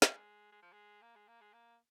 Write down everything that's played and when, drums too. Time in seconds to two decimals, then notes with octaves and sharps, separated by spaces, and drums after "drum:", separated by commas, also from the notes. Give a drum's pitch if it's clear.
0.02 G#3, drum: snare
0.52 G#3
0.63 F3
0.73 G#3
1.02 A#3
1.16 G#3
1.28 A#3
1.41 G#3
1.53 A#3